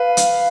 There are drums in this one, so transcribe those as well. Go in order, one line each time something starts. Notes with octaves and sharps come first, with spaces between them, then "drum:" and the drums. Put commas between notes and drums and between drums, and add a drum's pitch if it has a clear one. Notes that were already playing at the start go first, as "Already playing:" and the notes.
Already playing: B4 F5
drum: hi-hat